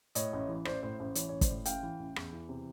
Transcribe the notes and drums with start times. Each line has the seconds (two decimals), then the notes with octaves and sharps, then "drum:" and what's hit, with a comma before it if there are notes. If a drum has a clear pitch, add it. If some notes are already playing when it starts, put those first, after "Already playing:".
0.15 A2 C#5 D#5, drum: hi-hat
0.33 A1
0.49 E3
0.65 A1 C5 D5, drum: rim click
0.83 A2 C5
1.00 A1 C5
1.15 E3 C#5, drum: hi-hat
1.29 A1 C#5
1.41 C5 D5, drum: kick, hi-hat
1.50 A2
1.65 A1 F5 G5, drum: hi-hat
1.83 E3
1.99 A1
2.16 E2, drum: rim click
2.33 E3
2.49 C3